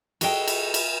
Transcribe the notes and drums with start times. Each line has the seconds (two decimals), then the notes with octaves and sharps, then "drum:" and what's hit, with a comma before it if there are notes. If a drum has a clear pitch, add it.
0.21 F#4 G#4 A4 D#5 F#5 G5, drum: cymbal
0.48 drum: cymbal
0.74 drum: cymbal